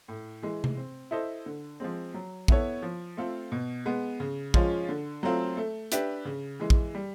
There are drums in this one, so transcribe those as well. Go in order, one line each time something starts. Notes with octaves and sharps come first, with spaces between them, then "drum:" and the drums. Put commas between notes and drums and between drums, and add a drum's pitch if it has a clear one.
A2
E3 G#3
drum: tom C3
C4
E4 A4 C5 D#5
D3
F3 G#3 C4
F#3
B3 E4 A4 C#5, drum: kick
F3
A3 C4 F4 A4
B2
G#3 B3
C#3
F3 G#3 C#4 F4, drum: kick
D3
F#3 A3 C4 F4
A3
D4 G4 B4 E5, drum: hi-hat
C#3
E3 G#3
drum: kick
G3